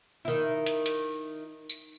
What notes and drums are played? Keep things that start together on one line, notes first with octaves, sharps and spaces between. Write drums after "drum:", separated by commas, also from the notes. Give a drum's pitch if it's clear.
D#3 E4
drum: hi-hat
drum: hi-hat
drum: tambourine